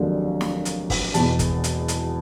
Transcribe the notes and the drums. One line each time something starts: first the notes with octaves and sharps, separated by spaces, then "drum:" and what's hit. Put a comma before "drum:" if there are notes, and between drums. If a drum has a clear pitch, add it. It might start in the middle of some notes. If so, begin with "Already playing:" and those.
Already playing: F1 D#2 D3 F#3 A#3
drum: snare
drum: hi-hat
drum: kick, open hi-hat
E1 E2 B2 A5, drum: hi-hat
drum: kick, hi-hat
drum: hi-hat
drum: hi-hat